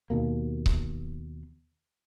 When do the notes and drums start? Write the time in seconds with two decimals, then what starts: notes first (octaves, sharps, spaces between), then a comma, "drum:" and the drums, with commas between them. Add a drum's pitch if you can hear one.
0.10 D#2 B2 A#3
0.66 drum: kick C#1